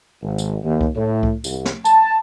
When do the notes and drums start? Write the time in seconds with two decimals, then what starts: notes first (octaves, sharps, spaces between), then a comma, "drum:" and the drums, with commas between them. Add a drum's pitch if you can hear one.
0.23 G#1
0.38 drum: tambourine
0.64 D#2
0.81 drum: kick C2
0.96 A2
1.23 drum: kick C2
1.44 C2, drum: tambourine
1.65 drum: snare
1.85 A5, drum: tambourine